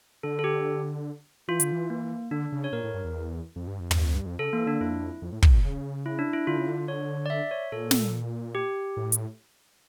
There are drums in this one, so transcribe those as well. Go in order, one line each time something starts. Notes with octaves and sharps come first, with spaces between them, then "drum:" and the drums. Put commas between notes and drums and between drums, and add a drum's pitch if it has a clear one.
D3 A4
A4
G4
E3 F4
D3, drum: hi-hat
E3
A#3
D3 D4
C#3
C#5
A#2 A#4
A2
G2
E2
F2
G2
F2
G2, drum: tom
F2
G2
F2
C#3 A4
E3 A#3
D3 D4
F2 E4
F2
A2
A2, drum: kick
A#2
C#3
E4
D4
E4
D3 F4
C#3
D3
C#5
D5
E5
C#5
A#2 A4
drum: snare
G4
A2
drum: hi-hat